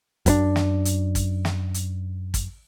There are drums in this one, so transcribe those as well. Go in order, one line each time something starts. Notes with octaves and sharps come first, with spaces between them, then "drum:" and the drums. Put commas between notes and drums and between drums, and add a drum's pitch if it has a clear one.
F#2 B3 D4, drum: kick G#1, hi-hat
drum: snare
drum: hi-hat
drum: kick G#1, hi-hat
drum: snare
drum: hi-hat
drum: kick G#1, hi-hat